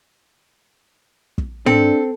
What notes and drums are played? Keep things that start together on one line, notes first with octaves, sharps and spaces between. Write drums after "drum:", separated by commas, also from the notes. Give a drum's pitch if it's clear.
drum: kick
C4 D4 A4, drum: tom